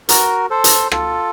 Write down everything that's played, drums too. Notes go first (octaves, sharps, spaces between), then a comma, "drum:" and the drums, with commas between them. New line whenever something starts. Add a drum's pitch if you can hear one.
F#4 A#4, drum: hi-hat
A4 C5
drum: hi-hat
F4 A4, drum: rim click